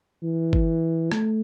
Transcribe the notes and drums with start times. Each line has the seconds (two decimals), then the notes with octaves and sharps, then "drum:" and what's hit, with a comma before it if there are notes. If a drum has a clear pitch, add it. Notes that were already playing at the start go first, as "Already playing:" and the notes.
0.23 E3
0.53 drum: kick G1
1.12 A3, drum: rim click